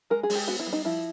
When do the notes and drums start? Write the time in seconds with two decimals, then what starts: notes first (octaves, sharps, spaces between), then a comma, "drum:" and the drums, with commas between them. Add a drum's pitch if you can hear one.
0.10 G#3 A#4
0.23 G#4
0.30 G#3, drum: open hi-hat
0.35 G4
0.48 B3 F#4
0.60 E4
0.67 G3
0.73 D#4
0.85 F3 E4